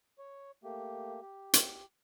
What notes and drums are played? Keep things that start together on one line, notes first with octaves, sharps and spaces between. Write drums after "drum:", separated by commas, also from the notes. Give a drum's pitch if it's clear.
C#5
A3 A#3 G4
G4
drum: hi-hat